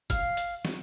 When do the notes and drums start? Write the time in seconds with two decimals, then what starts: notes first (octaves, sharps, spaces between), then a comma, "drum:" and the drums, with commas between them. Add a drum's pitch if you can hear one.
0.10 F5, drum: kick, hi-hat
0.37 drum: hi-hat
0.65 drum: snare